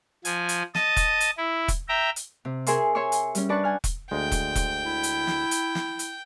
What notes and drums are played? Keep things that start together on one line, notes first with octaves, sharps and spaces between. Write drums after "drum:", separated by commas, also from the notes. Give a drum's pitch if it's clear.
F3 G#5, drum: hi-hat
drum: hi-hat
D#5 A5 D#6, drum: snare
drum: kick E1, hi-hat
drum: hi-hat
E4
drum: kick E1, hi-hat
E5 G5 A#5
drum: hi-hat
C3
G#4 A#4 E5 G#5 C6 C#6, drum: hi-hat
C#5 E5 G#5 C6 C#6
drum: hi-hat
G3 C#4, drum: hi-hat
D4 B4 D5 A5 C#6
F#5 G#5 F6
drum: kick E1, hi-hat
D2 G#3 G5
drum: kick E1, hi-hat
drum: kick E1, hi-hat
E4
drum: hi-hat
drum: snare
drum: hi-hat
drum: snare
drum: hi-hat